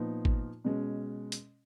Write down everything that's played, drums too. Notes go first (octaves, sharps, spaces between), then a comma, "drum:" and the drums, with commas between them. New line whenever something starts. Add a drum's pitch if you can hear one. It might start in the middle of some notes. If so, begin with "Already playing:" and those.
Already playing: A#2 F3 B3 D#4
drum: kick
B2 G#3 C#4
drum: hi-hat